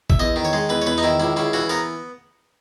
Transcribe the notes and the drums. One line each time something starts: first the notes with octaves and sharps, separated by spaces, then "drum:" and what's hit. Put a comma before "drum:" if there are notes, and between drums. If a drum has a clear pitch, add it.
E5, drum: kick A#1
E2 D#5
D#3
C#5
G#3
E2 B4
C#5
E2 B4
D#4
D#3 E4
C#2 E4
C#3 E4
E3 F#4
B3 A#4